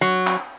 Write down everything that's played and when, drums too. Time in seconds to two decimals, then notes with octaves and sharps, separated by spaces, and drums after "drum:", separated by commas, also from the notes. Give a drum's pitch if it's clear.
0.01 F#3
0.27 drum: clap